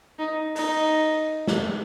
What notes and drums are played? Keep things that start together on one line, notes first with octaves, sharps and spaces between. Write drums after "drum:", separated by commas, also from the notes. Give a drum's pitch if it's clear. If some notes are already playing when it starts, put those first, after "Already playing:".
D#4
D#4, drum: open hi-hat
drum: snare